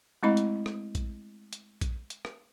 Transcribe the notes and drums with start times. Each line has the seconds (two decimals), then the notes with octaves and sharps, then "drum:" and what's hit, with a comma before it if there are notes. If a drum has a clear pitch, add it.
0.23 G#3 A3 C4 E4 D#5 B5
0.37 drum: hi-hat
0.66 drum: rim click
0.95 drum: kick A#1, hi-hat
1.53 drum: hi-hat
1.81 drum: kick A#1, hi-hat
2.10 drum: hi-hat
2.25 drum: rim click